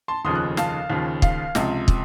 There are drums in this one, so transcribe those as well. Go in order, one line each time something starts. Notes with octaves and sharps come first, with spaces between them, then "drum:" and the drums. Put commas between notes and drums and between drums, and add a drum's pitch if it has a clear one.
A5 C6
F1 D#2 C#3 F3 C6 D#6
D#6 F#6
F5 A5, drum: snare
D#2 C#3 F3
F5, drum: kick
C#2 C3 F3, drum: snare
drum: kick